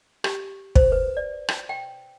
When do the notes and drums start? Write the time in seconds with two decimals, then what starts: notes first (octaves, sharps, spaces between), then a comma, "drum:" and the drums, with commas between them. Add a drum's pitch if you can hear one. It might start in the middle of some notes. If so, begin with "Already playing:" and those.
0.24 G4, drum: rim click
0.76 C5, drum: kick
0.92 B4
1.17 D5
1.48 drum: rim click
1.69 G5